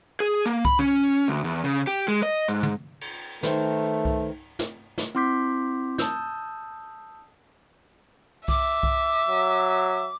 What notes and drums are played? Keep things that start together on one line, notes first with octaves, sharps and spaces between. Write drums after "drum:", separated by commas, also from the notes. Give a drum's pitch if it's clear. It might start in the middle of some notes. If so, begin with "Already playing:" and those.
G#4
A#3, drum: hi-hat
B5, drum: kick C2
C#4, drum: tom
D2
E2
C#3
G4
G#3
D#5
G#2, drum: hi-hat
drum: tom
drum: cymbal
D#3 A3 B4 C5, drum: snare
drum: kick C2
drum: snare
drum: snare
C4 E4 C6 D6 G6 B6
A5 D#6 E6 G6, drum: snare
E5 D6, drum: kick C2
drum: kick C2
F#3